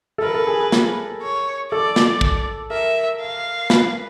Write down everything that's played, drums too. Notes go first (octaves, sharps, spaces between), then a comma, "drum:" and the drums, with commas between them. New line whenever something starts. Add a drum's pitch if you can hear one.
A4
A#4 B4
A4
G#4
G#4
G#4, drum: snare
C#5
A4 D5
drum: snare
drum: kick
A#4 E5
F5
B4, drum: snare